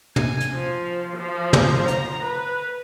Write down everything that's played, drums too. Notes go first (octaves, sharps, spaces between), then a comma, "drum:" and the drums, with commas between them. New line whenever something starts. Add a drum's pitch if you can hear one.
G#5, drum: tom
drum: hi-hat
F3
F3
drum: tom
A#5, drum: hi-hat
B4